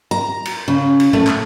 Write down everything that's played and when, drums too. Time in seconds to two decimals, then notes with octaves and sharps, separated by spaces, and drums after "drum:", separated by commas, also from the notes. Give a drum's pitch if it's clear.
0.11 A#5
0.46 drum: cymbal
0.68 C#3
1.00 drum: cymbal
1.13 A3, drum: tom A2
1.27 drum: clap